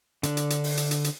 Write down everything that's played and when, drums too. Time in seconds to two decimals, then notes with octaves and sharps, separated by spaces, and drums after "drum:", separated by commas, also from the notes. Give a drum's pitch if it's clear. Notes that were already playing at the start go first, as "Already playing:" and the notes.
0.23 D3 D4, drum: hi-hat
0.37 drum: hi-hat
0.50 drum: hi-hat
0.64 drum: open hi-hat
0.77 drum: hi-hat
0.91 drum: hi-hat
1.04 drum: hi-hat